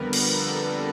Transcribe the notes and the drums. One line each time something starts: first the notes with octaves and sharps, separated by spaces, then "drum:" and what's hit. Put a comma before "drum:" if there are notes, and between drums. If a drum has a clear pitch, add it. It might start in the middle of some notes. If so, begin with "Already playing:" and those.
Already playing: F2 D3 G3 B3 A#4 B4
drum: cymbal
A4